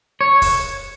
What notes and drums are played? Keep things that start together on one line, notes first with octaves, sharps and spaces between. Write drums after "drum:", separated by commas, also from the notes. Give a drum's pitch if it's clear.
C#5
drum: kick, open hi-hat